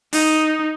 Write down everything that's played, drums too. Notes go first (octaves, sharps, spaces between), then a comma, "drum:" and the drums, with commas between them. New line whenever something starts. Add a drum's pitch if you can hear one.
D#4, drum: open hi-hat